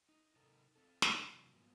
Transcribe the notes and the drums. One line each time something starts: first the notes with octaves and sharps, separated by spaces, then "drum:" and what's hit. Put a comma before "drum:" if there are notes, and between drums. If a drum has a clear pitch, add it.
D#4
C3 D#4 A4 A#4
C4 A4
drum: snare
C3 E3 F#3
G#2 F3 F#3 A#3 B3